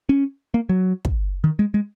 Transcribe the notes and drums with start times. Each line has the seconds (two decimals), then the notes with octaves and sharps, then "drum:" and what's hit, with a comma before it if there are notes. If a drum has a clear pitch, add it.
0.09 C#4
0.54 A#3
0.69 F#3
1.05 drum: kick
1.44 D#3
1.59 G#3
1.74 G#3